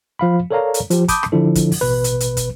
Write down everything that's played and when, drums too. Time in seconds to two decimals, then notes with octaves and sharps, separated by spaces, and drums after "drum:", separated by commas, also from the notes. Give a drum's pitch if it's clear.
0.19 F3 F5 B5
0.51 A4 A#4 C#5 D5 F5 A#5
0.74 drum: hi-hat
0.90 F3 G4, drum: hi-hat
1.08 A5 B5 D6 D#6 G6, drum: kick, hi-hat
1.23 drum: rim click
1.32 D3 F3 D4 E4 A4
1.55 drum: kick, hi-hat
1.72 drum: open hi-hat
1.81 A1 B2 B4
2.04 drum: hi-hat
2.20 drum: hi-hat
2.37 drum: kick, hi-hat